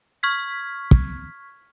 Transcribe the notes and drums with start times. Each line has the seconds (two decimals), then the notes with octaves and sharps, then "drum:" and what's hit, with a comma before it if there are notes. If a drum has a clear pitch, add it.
0.23 C#6 F6 G#6 B6
0.91 drum: kick